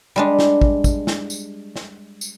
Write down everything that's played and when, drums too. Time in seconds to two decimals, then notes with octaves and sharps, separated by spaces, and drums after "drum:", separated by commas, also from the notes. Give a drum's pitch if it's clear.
0.16 G3 G#3 D4
0.39 drum: snare
0.61 drum: kick
0.84 drum: kick, tambourine
1.07 drum: snare
1.30 drum: tambourine
1.76 drum: snare
2.21 drum: tambourine